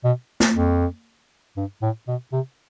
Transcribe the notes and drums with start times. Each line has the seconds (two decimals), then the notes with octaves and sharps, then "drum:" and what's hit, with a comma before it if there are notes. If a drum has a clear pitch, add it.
0.04 B2
0.40 drum: snare
0.56 F2
1.57 G2
1.82 A2
2.07 B2
2.32 C3